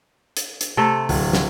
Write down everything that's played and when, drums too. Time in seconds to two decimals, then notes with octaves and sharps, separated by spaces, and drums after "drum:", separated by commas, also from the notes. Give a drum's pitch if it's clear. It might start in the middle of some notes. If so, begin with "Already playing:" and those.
0.37 drum: hi-hat
0.61 drum: hi-hat
0.77 C3 A3 A4
1.09 D1, drum: open hi-hat
1.33 drum: snare